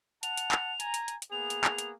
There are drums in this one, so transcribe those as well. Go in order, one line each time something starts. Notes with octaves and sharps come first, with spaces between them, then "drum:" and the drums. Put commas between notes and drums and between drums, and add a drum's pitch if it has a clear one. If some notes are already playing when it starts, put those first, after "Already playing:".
F#5 A5 F7, drum: hi-hat
drum: hi-hat
drum: clap
G#5 A#5, drum: hi-hat
drum: hi-hat
drum: hi-hat
drum: hi-hat
A#3 B3 G#4 F7
drum: hi-hat
drum: clap
drum: hi-hat